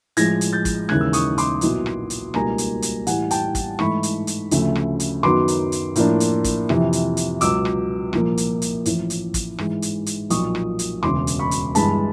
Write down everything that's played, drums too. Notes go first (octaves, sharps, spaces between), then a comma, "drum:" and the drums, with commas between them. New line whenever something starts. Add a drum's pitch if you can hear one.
A2 F3 G#3 G#6 A#6, drum: hi-hat
drum: hi-hat
G6 A6
drum: kick, hi-hat
D#2 C#3 E3 G#3 F#6 G#6, drum: rim click
E6
C#6 D#6, drum: hi-hat
C6 D6, drum: hi-hat
B1 A#2 F#3 B3 E4, drum: hi-hat
drum: rim click
drum: hi-hat
C#2 B2 G3 A#3 D#4 G#5 A#5, drum: rim click
drum: hi-hat
drum: hi-hat
A2 E3 G3 F#5 G#5, drum: hi-hat
G5 A5, drum: hi-hat
drum: kick, hi-hat
G#2 E3 A3 B5 C#6, drum: rim click
drum: hi-hat
drum: hi-hat
D2 C#3 F3 A3, drum: hi-hat
drum: rim click
drum: hi-hat
F#2 D#3 F#3 B3 C6 D6, drum: rim click
drum: hi-hat
drum: hi-hat
A2 F3 A#3 D4, drum: hi-hat
drum: hi-hat
drum: kick, hi-hat
F2 C3 E3, drum: rim click
drum: hi-hat
drum: hi-hat
C#2 B2 F#3 D6 E6, drum: hi-hat
drum: rim click
C2 A#2 F3 A#3, drum: rim click
drum: hi-hat
drum: hi-hat
A1 A2 F3, drum: hi-hat
drum: hi-hat
drum: kick, hi-hat
G#2 E3 G#3, drum: rim click
drum: hi-hat
drum: hi-hat
B1 A#2 F3 C#6 D#6, drum: hi-hat
drum: rim click
drum: hi-hat
E1 D2 C#3 C6 D6, drum: rim click
drum: hi-hat
B5 C#6
drum: hi-hat
G1 G2 E3 G#3 A5 B5, drum: hi-hat